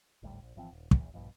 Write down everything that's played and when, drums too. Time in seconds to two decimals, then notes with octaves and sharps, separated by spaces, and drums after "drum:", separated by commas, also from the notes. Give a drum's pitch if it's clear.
0.23 G#1 D2 A2 G3
0.43 A#1
0.56 G#1 E3 F3 C4
0.71 D#1
0.91 F1 A#1 E2, drum: kick
1.14 A#1 G2 B2 F3